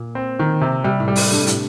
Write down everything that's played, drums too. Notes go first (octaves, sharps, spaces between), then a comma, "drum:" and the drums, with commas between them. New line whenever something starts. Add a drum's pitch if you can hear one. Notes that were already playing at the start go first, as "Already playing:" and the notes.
Already playing: A#2
C4
D#3
C3
C3 G3
A2
G3
A2, drum: open hi-hat
G2 A3
A2, drum: hi-hat